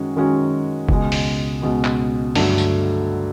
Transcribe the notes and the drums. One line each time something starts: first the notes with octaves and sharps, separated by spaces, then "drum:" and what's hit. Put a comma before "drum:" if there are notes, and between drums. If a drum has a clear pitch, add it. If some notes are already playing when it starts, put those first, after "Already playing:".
Already playing: F#2 D#3 G#3 C#4 F#4
F#2 D#3 G#3 C#4 F#4
C#2 B2 G#3, drum: kick F1
drum: open hi-hat
C#2 B2 G#3
drum: clap
G2 D3 F#3 A3, drum: open hi-hat
drum: tambourine